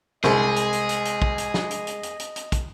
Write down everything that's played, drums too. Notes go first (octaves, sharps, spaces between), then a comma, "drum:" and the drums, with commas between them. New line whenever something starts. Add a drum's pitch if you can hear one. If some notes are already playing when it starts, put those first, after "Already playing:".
C2 G#3 G#4 C5 D#5, drum: snare
drum: hi-hat
drum: hi-hat
drum: hi-hat
drum: hi-hat
drum: kick
drum: hi-hat
drum: snare
drum: hi-hat
drum: hi-hat
drum: hi-hat
drum: hi-hat
drum: hi-hat
drum: kick, hi-hat